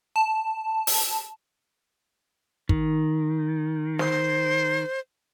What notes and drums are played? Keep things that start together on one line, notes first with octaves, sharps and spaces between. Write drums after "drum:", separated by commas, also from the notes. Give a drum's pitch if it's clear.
A5
drum: open hi-hat
D#3, drum: kick
C5, drum: snare